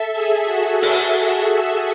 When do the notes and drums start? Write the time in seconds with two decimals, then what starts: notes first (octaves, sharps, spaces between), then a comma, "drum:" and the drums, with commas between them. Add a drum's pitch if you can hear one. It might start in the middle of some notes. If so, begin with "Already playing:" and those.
Already playing: A4 E5
0.13 G#4
0.44 F#4
0.82 drum: open hi-hat